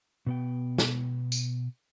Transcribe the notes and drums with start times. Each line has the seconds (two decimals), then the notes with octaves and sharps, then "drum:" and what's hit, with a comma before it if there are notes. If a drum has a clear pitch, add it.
0.26 B2 B3 G5
0.78 drum: snare
1.32 drum: tambourine